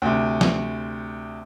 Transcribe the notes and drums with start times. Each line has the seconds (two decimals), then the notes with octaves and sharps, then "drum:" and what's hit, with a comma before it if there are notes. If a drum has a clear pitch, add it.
0.02 D2 C3
0.41 drum: snare E3